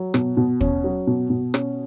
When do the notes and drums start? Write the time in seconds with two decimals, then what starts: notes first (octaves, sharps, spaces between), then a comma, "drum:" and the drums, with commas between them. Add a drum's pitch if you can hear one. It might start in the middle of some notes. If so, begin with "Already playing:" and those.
Already playing: F#3
0.14 B2, drum: rim click
0.37 B2
0.61 C#4, drum: kick
0.84 F#3
1.07 B2
1.30 B2
1.54 C#4, drum: rim click